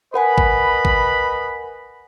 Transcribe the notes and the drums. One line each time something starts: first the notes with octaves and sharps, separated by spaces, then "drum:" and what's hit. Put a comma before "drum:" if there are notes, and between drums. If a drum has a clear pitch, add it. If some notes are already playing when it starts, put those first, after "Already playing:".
A#4 B4 D#5 F#5 G#5 B5
drum: kick G#1
drum: kick G#1